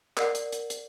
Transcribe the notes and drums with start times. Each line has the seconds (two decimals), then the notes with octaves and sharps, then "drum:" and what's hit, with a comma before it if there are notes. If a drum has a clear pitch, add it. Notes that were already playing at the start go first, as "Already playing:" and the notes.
0.17 A#4 D5 F#5, drum: clap
0.35 drum: hi-hat
0.52 drum: hi-hat
0.70 drum: hi-hat